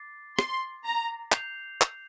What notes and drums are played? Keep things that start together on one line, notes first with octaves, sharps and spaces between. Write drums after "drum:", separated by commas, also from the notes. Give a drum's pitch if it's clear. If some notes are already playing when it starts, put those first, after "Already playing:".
Already playing: D6 A6 C7
C6, drum: rim click
A#5
G6 C7 F7, drum: clap
drum: clap